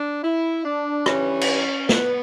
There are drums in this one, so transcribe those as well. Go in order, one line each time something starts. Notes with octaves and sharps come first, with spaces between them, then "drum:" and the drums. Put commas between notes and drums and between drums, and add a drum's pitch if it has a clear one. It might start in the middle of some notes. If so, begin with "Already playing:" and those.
Already playing: D4
E4
D4
G2 E3 G3 C#4, drum: rim click
drum: cymbal
B3, drum: snare